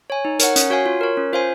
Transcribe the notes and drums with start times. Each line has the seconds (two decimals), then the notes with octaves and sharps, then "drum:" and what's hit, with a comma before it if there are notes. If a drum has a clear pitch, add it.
0.10 C#5 G#5
0.25 D#4
0.39 A#4 C#5 F#5, drum: hi-hat
0.56 C#4, drum: hi-hat
0.70 F#4 C#5 F5 G#5
0.86 F4
1.01 A#4 C#5
1.17 C#4
1.33 F4 C5 F5 G#5